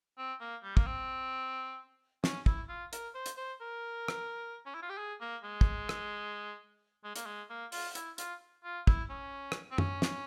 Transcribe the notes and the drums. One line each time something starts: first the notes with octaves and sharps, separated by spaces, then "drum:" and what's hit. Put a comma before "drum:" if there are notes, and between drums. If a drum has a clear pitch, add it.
C4
A#3
G3
A#3, drum: kick
C4
C#4, drum: snare
E4, drum: kick
F4
A#4, drum: hi-hat
C5
drum: hi-hat
C5
A#4
drum: rim click
C#4
E4
F4
G4
G#4
A#3
G#3
drum: kick
drum: rim click
G#3
A#3, drum: hi-hat
G#3
A#3
F4, drum: open hi-hat
E4, drum: hi-hat
F4, drum: hi-hat
F4
E4, drum: kick
C#4
drum: rim click
C4
C#4, drum: tom
drum: snare